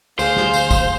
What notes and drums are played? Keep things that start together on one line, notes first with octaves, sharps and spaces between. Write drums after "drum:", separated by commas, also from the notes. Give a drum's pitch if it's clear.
D2 G#4 C5 F5, drum: tambourine
drum: snare
drum: tambourine
drum: kick, tambourine